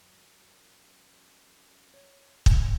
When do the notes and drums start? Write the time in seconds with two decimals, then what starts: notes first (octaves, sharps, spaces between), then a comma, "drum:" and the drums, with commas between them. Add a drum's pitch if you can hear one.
0.01 F#2
1.94 C#5
2.46 drum: kick